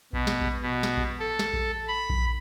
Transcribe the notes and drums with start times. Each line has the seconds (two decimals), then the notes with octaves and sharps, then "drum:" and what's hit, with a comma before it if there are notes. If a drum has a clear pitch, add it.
0.13 B2, drum: kick A#1
0.27 drum: snare
0.41 drum: kick A#1
0.62 B2
0.83 drum: snare
0.97 drum: kick A#1
1.19 A4
1.39 drum: snare
1.53 drum: kick A#1
1.87 B5
2.10 drum: kick A#1